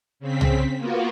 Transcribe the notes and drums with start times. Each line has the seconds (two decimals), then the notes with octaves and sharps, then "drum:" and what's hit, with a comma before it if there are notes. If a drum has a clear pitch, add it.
0.20 C#3 C4 B6
0.41 drum: tom
0.78 A#3 B3 F4 F#4